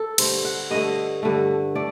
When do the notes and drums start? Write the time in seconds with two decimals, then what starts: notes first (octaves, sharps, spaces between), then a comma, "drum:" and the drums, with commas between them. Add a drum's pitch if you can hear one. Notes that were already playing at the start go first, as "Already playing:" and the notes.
Already playing: A4
0.18 G2 D3 A3 C5, drum: cymbal
0.45 F#5
0.71 G2 D3 A3 D#5
1.23 G2 D3 A3
1.75 A3 D5